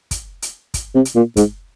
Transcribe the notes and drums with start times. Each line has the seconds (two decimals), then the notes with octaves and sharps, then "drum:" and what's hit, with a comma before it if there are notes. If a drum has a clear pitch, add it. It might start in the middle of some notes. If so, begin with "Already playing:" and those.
0.11 drum: kick, hi-hat
0.42 drum: hi-hat
0.74 drum: kick, hi-hat
0.95 C3
1.05 drum: hi-hat
1.16 A#2
1.37 G#2, drum: kick, hi-hat